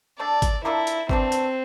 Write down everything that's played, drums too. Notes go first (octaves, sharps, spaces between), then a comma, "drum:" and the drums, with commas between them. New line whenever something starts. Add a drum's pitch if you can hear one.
A3 D4 A4 D5
drum: kick G1, hi-hat
A#3 D4 E4 F4 A4
drum: hi-hat
E3 A3 C4 D4, drum: kick G1
drum: hi-hat